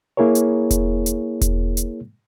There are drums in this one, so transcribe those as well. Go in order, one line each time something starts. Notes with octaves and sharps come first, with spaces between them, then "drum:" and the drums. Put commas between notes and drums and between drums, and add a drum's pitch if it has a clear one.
A#3 E4 G#4 A#4 C#5
drum: hi-hat
drum: kick E1, hi-hat
drum: hi-hat
drum: kick E1, hi-hat
drum: hi-hat